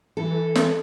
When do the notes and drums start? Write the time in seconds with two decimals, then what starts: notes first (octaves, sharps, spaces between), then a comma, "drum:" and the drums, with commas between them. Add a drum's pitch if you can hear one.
0.17 E3 A4
0.55 drum: snare